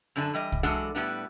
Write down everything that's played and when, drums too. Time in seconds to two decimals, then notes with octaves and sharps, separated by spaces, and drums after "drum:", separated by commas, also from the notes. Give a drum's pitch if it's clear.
0.16 F#2 D3 D4 G4 A5
0.34 E3 G3 D#5
0.52 drum: kick
0.63 E3 F#3 G#3 D4 A4 F#5
0.95 A2 G3 B3 D4